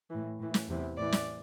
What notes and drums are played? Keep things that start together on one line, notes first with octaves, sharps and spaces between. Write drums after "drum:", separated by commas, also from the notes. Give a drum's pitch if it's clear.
A2 E3
A2 E3
drum: snare
E2 C3 E3
A2 E3 D5
drum: snare